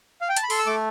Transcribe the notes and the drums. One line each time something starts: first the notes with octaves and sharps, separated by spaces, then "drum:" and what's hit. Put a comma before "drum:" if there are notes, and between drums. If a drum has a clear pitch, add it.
F5
G5
A5, drum: hi-hat
B5
A4 C6, drum: open hi-hat
E6
A3 D6